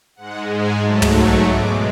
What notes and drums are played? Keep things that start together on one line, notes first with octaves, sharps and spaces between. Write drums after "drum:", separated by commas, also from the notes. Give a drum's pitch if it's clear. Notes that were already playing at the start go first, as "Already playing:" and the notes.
G#2 G#3 F#5
G#5
G#2 F#3 A3 A5
drum: tom
C#6
B2 G#3 D6